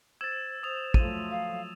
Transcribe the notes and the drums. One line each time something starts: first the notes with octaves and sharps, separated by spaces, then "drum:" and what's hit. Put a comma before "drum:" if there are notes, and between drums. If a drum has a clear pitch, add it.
C5 E6 G#6 A6 E7
C5 D#6 F7
F3 F#3 A3 D#7, drum: kick
F5